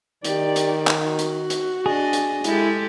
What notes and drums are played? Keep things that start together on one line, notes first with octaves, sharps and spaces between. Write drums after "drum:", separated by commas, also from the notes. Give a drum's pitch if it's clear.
D#3 G4 D5, drum: hi-hat
drum: hi-hat
drum: clap
F#4
drum: hi-hat
drum: hi-hat
D4 G#4 D#5
drum: hi-hat
G#3 E4 G4 A4, drum: hi-hat